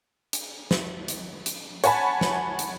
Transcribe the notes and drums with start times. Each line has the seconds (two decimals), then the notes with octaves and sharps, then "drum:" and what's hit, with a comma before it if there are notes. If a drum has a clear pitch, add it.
0.33 drum: hi-hat
0.71 drum: snare
1.08 drum: hi-hat
1.46 drum: hi-hat
1.84 C#5 F#5 G#5 A5 B5, drum: hi-hat
2.21 drum: snare
2.59 drum: hi-hat